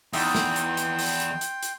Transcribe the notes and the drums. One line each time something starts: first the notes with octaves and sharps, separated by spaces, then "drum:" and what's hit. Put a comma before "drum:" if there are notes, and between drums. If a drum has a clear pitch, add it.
E2 D#4 E5 G5 C6 D6, drum: open hi-hat
drum: snare
drum: hi-hat
drum: hi-hat
drum: open hi-hat
drum: hi-hat
drum: hi-hat
drum: hi-hat